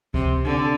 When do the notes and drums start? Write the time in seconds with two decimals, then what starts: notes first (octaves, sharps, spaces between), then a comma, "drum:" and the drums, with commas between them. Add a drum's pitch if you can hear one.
0.14 C3, drum: kick C#2
0.44 D3